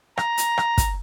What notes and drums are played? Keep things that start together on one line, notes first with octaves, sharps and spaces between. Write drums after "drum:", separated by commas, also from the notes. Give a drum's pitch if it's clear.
A#5, drum: rim click
drum: hi-hat
drum: rim click
drum: kick, hi-hat